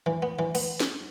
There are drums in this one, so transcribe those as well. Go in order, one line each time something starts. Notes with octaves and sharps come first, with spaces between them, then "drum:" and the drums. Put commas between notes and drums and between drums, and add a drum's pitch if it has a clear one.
E3
B3
E3
B3, drum: cymbal
drum: snare